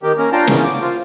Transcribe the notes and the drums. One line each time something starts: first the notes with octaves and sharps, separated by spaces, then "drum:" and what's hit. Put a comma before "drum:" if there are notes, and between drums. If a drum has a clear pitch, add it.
D#3 A#3 G4
A#3 C#4 A#4
D4 F4 F5 G5 A5 A#5
C#3 E3 A#3 B3 C#4, drum: snare
D6
C4 F4